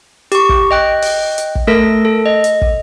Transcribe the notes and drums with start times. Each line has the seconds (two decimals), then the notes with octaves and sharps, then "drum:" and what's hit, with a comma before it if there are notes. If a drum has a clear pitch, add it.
0.32 G4 C#6, drum: hi-hat
0.49 drum: kick
0.71 D#5 G5 F#6
1.02 drum: open hi-hat
1.38 drum: hi-hat
1.55 drum: kick
1.67 A3 A4 A#4 A#6
2.05 A4
2.26 D#5
2.44 drum: hi-hat
2.62 drum: kick